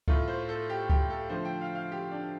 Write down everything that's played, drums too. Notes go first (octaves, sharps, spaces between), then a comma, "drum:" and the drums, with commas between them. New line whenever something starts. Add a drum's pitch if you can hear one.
A2 A3 F4, drum: kick C#2
C5
A4
G4
G4, drum: kick C#2
A4
D3 F3 A3 C5
G5
F5
F5
G4
D4